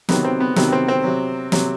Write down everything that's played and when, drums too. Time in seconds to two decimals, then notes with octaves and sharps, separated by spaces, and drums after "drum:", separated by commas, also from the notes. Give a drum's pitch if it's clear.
0.09 C3 D#3 F#3 B3, drum: snare
0.25 C4
0.40 B3
0.56 C3 D#3 F#3 B3, drum: snare
0.73 C4
0.88 C4
1.04 C3 F#3
1.52 C3 F#3, drum: snare